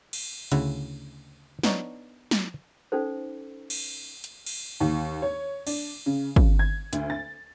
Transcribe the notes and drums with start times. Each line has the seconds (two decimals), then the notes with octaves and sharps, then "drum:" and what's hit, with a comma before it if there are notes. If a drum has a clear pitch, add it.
0.13 drum: cymbal
0.52 D2 C#3 E4 F#5, drum: hi-hat
1.63 B3 D4 D#4 C#5 D5, drum: snare
2.31 drum: snare
2.92 C#4 D#4 A4 C5
3.70 drum: cymbal
4.24 drum: hi-hat
4.46 drum: cymbal
4.80 D#2
5.22 C#5
5.67 D4, drum: cymbal
6.06 C#3
6.36 C#3, drum: kick
6.59 G#6
6.93 D2, drum: hi-hat
7.10 A6